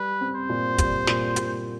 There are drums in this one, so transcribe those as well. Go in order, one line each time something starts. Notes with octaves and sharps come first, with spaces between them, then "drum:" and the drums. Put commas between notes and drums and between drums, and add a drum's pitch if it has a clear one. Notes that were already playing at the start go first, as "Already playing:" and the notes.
Already playing: G3 B4
C4
C5
A#2
G3, drum: kick, hi-hat
A#2, drum: snare
A#2, drum: hi-hat